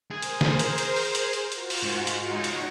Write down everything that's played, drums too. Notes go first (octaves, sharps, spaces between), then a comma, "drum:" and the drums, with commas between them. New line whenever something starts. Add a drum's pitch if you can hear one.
G#4 A#4 C5
drum: hi-hat
drum: snare
drum: hi-hat
drum: hi-hat
drum: open hi-hat
drum: hi-hat
drum: hi-hat
F4 F#4, drum: hi-hat
drum: open hi-hat
G#2
drum: hi-hat
D#4 C#5 F#5 C#6 A#6
drum: hi-hat